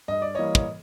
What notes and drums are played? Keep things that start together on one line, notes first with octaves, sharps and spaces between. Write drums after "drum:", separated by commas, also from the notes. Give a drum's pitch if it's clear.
G2 D#5
D5
E3 G3 A#3 C#5 D#5
drum: kick